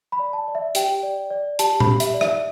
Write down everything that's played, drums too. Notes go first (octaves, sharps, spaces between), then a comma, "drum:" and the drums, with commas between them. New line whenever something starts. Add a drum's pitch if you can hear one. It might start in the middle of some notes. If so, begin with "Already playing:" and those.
B5
D5
A5
D5
E5
G4 G5, drum: hi-hat
D5
D5
G4 A5, drum: hi-hat
B5, drum: tom A#2
G4
E5, drum: hi-hat
D5
E5, drum: rim click